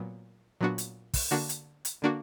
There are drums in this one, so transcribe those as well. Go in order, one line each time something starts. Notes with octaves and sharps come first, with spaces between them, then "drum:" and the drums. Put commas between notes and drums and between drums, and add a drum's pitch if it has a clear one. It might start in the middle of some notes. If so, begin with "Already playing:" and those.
Already playing: A#2 F#3 B3
A#2 F#3 B3 D4 F#4
drum: hi-hat
drum: kick, open hi-hat
D3 A#3 D4 F#4
drum: hi-hat
drum: hi-hat
D3 A#3 D4 F#4